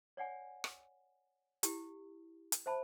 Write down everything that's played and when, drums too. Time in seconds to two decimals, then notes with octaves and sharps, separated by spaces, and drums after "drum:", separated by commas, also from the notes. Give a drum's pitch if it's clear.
0.17 C#5 D5 F#5 G#5
0.64 drum: rim click
1.63 E4 G4, drum: hi-hat
2.52 drum: hi-hat
2.66 C5 E5 A5 B5